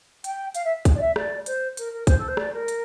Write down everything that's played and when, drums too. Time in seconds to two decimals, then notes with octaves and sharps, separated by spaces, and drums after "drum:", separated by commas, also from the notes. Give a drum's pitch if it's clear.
0.24 G5, drum: hi-hat
0.55 F5, drum: hi-hat
0.64 E5
0.85 drum: kick, hi-hat
0.95 D5
1.00 E5
1.16 D5, drum: rim click
1.46 C5, drum: hi-hat
1.77 A#4, drum: hi-hat
1.92 A#4
2.07 C5, drum: kick, hi-hat
2.18 A4
2.28 C5
2.37 D5, drum: rim click
2.53 A#4
2.68 drum: hi-hat